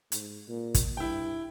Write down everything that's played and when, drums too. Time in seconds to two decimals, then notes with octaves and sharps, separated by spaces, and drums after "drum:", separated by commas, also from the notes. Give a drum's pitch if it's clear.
0.12 G#2, drum: hi-hat
0.49 A#2
0.74 drum: kick, hi-hat
0.97 G2 E4 G5